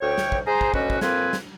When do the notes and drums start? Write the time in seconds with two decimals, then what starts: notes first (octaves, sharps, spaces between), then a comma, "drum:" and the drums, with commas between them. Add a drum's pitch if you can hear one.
0.01 D2 C#5 G5
0.18 drum: snare
0.32 drum: kick
0.47 G#4 C5 A#5
0.61 drum: kick
0.74 D2 F#3 C#4 F#4 B4 D#5, drum: kick
0.90 drum: kick
1.01 F2 A#3 C4 B4 G#5 C6, drum: snare
1.33 drum: snare